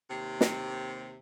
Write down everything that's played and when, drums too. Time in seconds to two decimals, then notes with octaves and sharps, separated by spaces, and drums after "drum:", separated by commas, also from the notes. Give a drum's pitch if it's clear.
0.09 D#2 C3
0.41 drum: snare